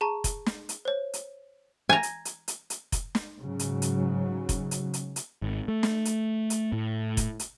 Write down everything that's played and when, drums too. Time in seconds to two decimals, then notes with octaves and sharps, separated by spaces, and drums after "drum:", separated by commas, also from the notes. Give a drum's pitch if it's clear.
0.01 G#4 A5 A#5 C#6
0.24 drum: kick F1, hi-hat
0.46 drum: snare
0.69 drum: hi-hat
0.85 C5 C#5
1.13 drum: hi-hat
1.89 G#5 A#5
2.03 drum: hi-hat
2.25 drum: hi-hat
2.48 drum: hi-hat
2.70 drum: hi-hat
2.92 drum: kick F1, hi-hat
3.15 drum: snare
3.41 G#2 C#3 F#3
3.59 drum: hi-hat
3.82 drum: hi-hat
4.49 drum: kick F1, hi-hat
4.71 drum: hi-hat
4.94 drum: hi-hat
5.16 drum: hi-hat
5.42 G#1
5.68 A3
5.83 drum: snare
6.05 drum: hi-hat
6.50 drum: hi-hat
6.72 A2
7.17 drum: kick F1, hi-hat
7.39 drum: hi-hat